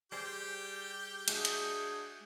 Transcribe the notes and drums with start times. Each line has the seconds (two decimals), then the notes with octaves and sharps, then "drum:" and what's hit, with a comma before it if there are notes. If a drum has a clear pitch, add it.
0.12 G3 G4 G#4 C5 G6
1.28 G#3 D4 F#4 G#4 E5, drum: cymbal
1.45 drum: hi-hat